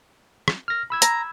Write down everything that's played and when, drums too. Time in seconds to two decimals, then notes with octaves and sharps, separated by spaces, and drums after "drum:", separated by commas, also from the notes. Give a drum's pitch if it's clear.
0.48 drum: rim click
0.68 F6 A#6
0.90 B5 E6 G#6
1.02 A#5, drum: hi-hat